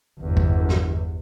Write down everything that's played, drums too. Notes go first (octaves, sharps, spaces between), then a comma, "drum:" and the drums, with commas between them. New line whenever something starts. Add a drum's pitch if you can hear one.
G1 E2
drum: kick
drum: snare